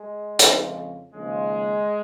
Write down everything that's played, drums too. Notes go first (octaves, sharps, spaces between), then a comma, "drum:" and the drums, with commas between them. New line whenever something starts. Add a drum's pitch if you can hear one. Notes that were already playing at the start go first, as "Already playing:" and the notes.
Already playing: G#3
F2 C#3 F3, drum: hi-hat
D#2 C#3 F3 G#3